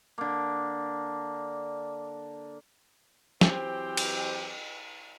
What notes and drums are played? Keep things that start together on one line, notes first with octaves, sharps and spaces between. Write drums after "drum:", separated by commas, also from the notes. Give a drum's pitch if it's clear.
D3 A#3
E3 F#3 C4 G4 C5, drum: snare
drum: cymbal